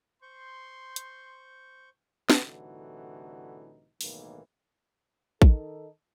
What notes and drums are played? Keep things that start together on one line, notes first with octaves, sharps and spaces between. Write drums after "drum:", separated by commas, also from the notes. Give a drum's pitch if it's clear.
C5 C6 C#6 G6
drum: hi-hat
C2 A2 D3 E3 D#4 F#4, drum: snare
B1 A2 D#3 E3 G#3 A#3, drum: open hi-hat
D#3 D#4 A4, drum: kick